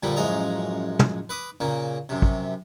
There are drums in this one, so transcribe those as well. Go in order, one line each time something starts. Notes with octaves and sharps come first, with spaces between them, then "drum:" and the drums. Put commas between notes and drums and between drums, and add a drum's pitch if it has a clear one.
A#2 D3 F3 G3 A#3
A1 F#2 F3 G#3 G#4 A#5
drum: tom
B4 B5 D6 D#6
A#2 C#3 A#3
F#2 C3
drum: kick